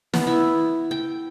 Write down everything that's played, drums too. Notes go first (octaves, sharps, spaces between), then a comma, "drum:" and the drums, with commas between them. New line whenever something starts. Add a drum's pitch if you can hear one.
B3, drum: snare
E4
G5